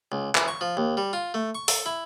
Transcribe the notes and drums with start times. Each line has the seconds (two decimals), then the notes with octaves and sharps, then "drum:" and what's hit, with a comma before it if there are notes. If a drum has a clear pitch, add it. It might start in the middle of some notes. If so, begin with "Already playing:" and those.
0.12 C#2
0.35 E3, drum: clap
0.48 C#6
0.61 F3
0.77 D#2
0.97 G3
1.13 F4
1.34 A3
1.55 C#6
1.68 A4, drum: open hi-hat
1.86 E4